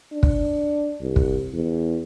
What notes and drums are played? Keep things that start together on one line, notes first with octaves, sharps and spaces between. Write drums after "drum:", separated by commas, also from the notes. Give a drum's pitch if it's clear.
D4
drum: kick
C2
drum: kick
E2